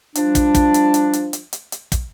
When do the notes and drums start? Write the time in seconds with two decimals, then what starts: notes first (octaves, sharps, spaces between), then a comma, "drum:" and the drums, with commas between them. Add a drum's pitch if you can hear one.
0.15 F3 G3 D4, drum: hi-hat
0.35 drum: kick, hi-hat
0.55 drum: kick, hi-hat
0.74 drum: hi-hat
0.94 drum: hi-hat
1.13 drum: hi-hat
1.33 drum: hi-hat
1.53 drum: hi-hat
1.72 drum: hi-hat
1.92 drum: kick, hi-hat